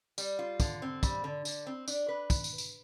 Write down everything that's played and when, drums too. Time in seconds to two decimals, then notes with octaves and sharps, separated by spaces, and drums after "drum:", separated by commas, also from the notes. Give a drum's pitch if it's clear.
0.18 G3, drum: tambourine
0.39 F4
0.60 D3, drum: kick, tambourine
0.82 C4
1.03 G3, drum: kick, tambourine
1.24 D3
1.45 D3, drum: tambourine
1.67 C4
1.88 D4, drum: tambourine
2.08 B4
2.30 drum: kick, tambourine
2.44 drum: tambourine
2.58 drum: tambourine